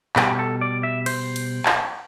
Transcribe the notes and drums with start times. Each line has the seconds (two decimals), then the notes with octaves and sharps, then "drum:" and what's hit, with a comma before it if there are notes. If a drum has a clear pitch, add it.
0.16 B2 G3 G4, drum: clap
0.39 A4
0.61 D5
0.83 E5
1.06 C5, drum: cymbal
1.36 drum: cymbal
1.66 drum: clap